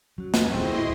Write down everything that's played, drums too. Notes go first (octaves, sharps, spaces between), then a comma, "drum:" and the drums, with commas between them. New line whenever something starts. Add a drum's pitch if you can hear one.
F#3 C#4 F#4
drum: snare
D1 C4 E4 G#4 A4 D#5 C6 C#6